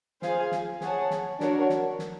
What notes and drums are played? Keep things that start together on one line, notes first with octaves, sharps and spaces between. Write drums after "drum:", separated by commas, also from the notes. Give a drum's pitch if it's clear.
F4 G#4 C5 F5 G#5, drum: snare
drum: snare
G#4 C#5 F#5 A5, drum: snare
drum: snare
D4 F#4 A#4 C#5, drum: snare
drum: snare
drum: snare